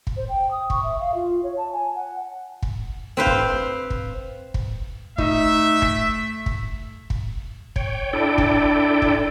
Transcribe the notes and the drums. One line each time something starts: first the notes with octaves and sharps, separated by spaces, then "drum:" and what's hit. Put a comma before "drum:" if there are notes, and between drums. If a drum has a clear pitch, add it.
drum: kick
C5
G5
D#6
C#6, drum: kick
E5
F5
F4
C#5
A5
G#5
F#5
drum: kick
C4 B4 C5 F5
drum: kick
drum: kick
drum: kick
A3 D#4 E5, drum: kick
B6, drum: kick
drum: kick
drum: kick
C#5 G5, drum: kick
D4 E4 A4 D5 G5
drum: kick
drum: kick